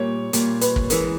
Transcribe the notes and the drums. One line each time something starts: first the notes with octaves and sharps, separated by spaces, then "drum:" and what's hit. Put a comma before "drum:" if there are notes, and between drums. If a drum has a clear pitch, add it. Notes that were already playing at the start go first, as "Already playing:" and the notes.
Already playing: A#2 G3 A#3 C#5
A#2 G3 A#3, drum: hi-hat
B4, drum: hi-hat
drum: kick
E3 G#3 C#4 A#4, drum: hi-hat